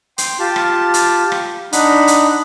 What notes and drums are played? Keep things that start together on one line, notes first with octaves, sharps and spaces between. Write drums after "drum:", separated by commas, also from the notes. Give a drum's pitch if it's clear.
G5 C6, drum: hi-hat
F4 G4 A5
drum: rim click
drum: hi-hat
drum: rim click
D4 D#4 F#5 B5, drum: hi-hat
drum: hi-hat